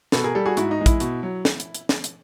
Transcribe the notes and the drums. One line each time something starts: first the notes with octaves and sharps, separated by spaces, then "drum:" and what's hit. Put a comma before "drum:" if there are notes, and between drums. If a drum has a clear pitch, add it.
B2 A4 B4, drum: snare
G#4 A#4
G3 G4 A4
F#4 G#4
G#2 E4 F#4, drum: hi-hat
D#4
E3 G#3
E4, drum: kick, hi-hat
B2, drum: hi-hat
F#3
drum: snare
drum: hi-hat
drum: hi-hat
drum: snare
drum: hi-hat